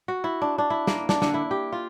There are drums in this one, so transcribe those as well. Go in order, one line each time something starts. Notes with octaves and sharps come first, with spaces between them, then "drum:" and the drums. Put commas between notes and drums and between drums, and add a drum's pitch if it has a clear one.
F#4
E4
D4
D4
E4
A#3, drum: snare
D4, drum: snare
D3, drum: snare
E4
G4
F4